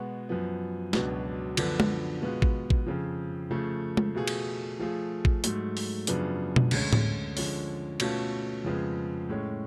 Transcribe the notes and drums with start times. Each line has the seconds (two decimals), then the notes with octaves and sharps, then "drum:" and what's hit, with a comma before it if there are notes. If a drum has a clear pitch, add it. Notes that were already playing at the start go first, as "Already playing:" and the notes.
Already playing: B2 G#3 B3 F#4
0.29 F#2 F3 B3
0.93 C#2 B2 F#3 B3 D4, drum: snare
1.57 F#2 D3 F3 B3 D4, drum: cymbal
1.80 drum: tom G#3
2.21 B2 G#3 B3 F4
2.42 drum: kick A1
2.70 drum: kick A1
2.87 F2 C#3 F3
3.51 C#3 F3 A3
3.97 drum: tom G#3
4.15 B2 A3 F4 G#4
4.27 drum: cymbal
4.79 F3 A3 F4 G#4
5.25 drum: kick A1
5.44 G#2 F#3 A3, drum: hi-hat
5.77 drum: open hi-hat
6.07 F#2 C#3 F3 B3 D4, drum: hi-hat
6.56 drum: tom B2
6.71 D2 D3 G#3 C#4, drum: cymbal
6.93 drum: tom A2
7.37 D3 F3 G#3 C#4, drum: open hi-hat
8.00 B2 A3 C#4 F4 A4, drum: cymbal
8.64 F2 C#3 F3 G#3 B3
9.29 A2 G#3 C#4